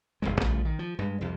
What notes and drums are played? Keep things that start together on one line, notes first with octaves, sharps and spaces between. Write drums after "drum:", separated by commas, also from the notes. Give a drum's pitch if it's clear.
D#1 G#1 F2 G#3
C2 C#3 F3 A3, drum: tom A#1
D#3
F3
G2 G#3
C2 F2